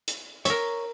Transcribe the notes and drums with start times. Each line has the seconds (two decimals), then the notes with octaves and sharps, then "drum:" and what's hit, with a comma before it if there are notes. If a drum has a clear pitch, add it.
0.08 drum: hi-hat
0.45 A#4 C#5 E5, drum: hi-hat